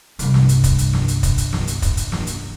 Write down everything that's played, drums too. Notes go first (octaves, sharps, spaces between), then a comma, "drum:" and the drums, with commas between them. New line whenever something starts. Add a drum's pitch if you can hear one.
C2 G2, drum: hi-hat
drum: snare
drum: hi-hat
drum: kick, hi-hat
drum: hi-hat
drum: snare
drum: hi-hat
drum: kick, hi-hat
drum: hi-hat
drum: snare
drum: hi-hat
drum: kick, hi-hat
drum: hi-hat
drum: snare
drum: hi-hat